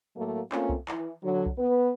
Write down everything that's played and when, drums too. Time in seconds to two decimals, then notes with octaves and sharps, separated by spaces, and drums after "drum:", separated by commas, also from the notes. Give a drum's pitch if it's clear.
0.16 A2 F#3 A3 A#3
0.52 A3 A#3 C4 C#4 F4, drum: clap
0.69 drum: kick C2
0.88 E3, drum: clap
1.24 D3 F#3
1.46 drum: kick C2
1.58 B3 B4